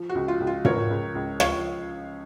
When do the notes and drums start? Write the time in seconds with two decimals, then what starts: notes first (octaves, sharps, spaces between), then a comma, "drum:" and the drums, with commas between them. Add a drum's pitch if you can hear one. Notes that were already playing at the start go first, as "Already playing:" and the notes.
Already playing: F3
0.09 F#4
0.15 C#2
0.28 F4
0.40 C#2
0.47 F4
0.65 F3 A#4 C#5, drum: tom
0.90 C#2
1.15 C#2
1.40 F3 C#5 F5, drum: rim click